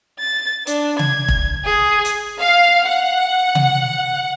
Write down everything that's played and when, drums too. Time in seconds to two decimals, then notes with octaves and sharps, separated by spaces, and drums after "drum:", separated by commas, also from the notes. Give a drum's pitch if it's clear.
0.19 A6
0.67 D4, drum: hi-hat
0.99 G#6, drum: tom C3
1.28 drum: kick F1
1.64 G#4
2.05 drum: hi-hat
2.40 F5
2.87 F#5
3.55 drum: tom C3